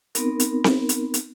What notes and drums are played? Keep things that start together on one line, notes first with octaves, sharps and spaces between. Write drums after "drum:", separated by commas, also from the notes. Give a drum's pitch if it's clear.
B3 C4 D#4 A#4, drum: hi-hat
drum: hi-hat
drum: snare C4
drum: hi-hat
drum: hi-hat